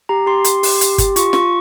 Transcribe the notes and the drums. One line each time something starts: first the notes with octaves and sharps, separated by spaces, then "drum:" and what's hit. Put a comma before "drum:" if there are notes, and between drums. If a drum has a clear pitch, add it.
G4 A#5
G4 C6
G4 C6, drum: hi-hat
G4, drum: open hi-hat
G4, drum: hi-hat
G4, drum: kick G1, hi-hat
F4 C#6, drum: hi-hat
F4 C#6, drum: snare